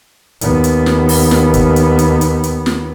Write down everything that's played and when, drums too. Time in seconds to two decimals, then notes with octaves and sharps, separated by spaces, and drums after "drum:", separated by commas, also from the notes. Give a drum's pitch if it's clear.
0.41 D#2 B3, drum: hi-hat
0.64 drum: hi-hat
0.86 drum: snare
1.09 drum: open hi-hat
1.31 drum: snare
1.54 drum: kick, hi-hat
1.76 drum: hi-hat
1.99 drum: hi-hat
2.21 drum: hi-hat
2.44 drum: hi-hat
2.66 drum: snare